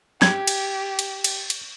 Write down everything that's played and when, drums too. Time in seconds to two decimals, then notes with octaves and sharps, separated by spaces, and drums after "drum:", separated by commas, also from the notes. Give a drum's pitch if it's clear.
0.22 G4 G#6, drum: snare
0.47 drum: cymbal
0.99 drum: cymbal
1.24 drum: cymbal
1.50 drum: cymbal